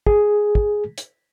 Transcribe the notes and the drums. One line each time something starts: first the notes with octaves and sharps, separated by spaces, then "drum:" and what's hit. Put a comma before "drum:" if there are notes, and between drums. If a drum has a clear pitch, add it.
G#4, drum: kick
drum: kick
drum: hi-hat